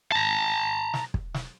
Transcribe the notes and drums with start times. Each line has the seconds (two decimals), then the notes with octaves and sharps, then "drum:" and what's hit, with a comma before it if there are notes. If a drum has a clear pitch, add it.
0.12 A5 A#5
0.94 drum: snare
1.14 drum: kick
1.34 drum: snare